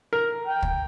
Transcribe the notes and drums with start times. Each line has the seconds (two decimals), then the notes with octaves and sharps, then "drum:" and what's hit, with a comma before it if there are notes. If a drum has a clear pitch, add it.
0.13 A#4
0.47 G5
0.62 drum: kick